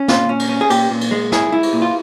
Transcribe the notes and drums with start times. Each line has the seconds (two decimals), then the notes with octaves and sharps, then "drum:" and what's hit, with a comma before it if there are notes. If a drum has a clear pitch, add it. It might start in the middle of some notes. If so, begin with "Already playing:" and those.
Already playing: C#4
0.08 A#2 F4, drum: snare
0.29 C#4
0.39 drum: cymbal
0.49 C#4
0.61 G#4
0.70 A#2 G4, drum: cymbal
0.91 A#2
1.01 drum: cymbal
1.11 G#3
1.32 E4 G#4, drum: snare
1.52 E4
1.63 drum: cymbal
1.73 A#2
1.82 F4